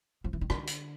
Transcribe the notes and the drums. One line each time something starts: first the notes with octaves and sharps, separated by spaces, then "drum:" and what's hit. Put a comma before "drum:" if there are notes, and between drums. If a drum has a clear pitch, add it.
F3
E3
D#3
D3, drum: rim click
drum: hi-hat